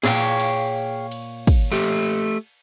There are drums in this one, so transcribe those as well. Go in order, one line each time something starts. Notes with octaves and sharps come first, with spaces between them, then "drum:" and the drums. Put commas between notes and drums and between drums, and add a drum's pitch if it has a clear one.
A#2 G#4 C#5 F5 G5, drum: snare
drum: cymbal
drum: cymbal
drum: kick, cymbal
A3 G4
drum: cymbal